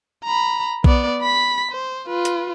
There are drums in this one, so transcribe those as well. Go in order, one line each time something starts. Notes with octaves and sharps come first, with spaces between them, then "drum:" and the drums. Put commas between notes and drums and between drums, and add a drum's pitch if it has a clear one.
A#5 B5
B3 D5, drum: kick B1
B5 B6
C5
F4 B4
drum: hi-hat